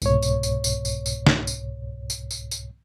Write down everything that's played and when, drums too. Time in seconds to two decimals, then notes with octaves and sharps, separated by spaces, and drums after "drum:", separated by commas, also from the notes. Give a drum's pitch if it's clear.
0.02 C2 G#2 B2 C#5, drum: tambourine
0.22 drum: tambourine
0.43 drum: tambourine
0.64 drum: tambourine
0.85 drum: tambourine
1.06 drum: tambourine
1.27 drum: snare
1.47 drum: tambourine
2.10 drum: tambourine
2.31 drum: tambourine
2.51 drum: tambourine